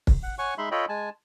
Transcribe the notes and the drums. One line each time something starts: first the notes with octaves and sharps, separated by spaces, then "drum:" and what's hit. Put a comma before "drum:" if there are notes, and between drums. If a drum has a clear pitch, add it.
drum: kick
F#5
C#5 F#5 G#5 C#6
G#3 D#4 E5 B5 C6
F4 A4 C#5 D#5 G5 B5
G#3 G#5 A5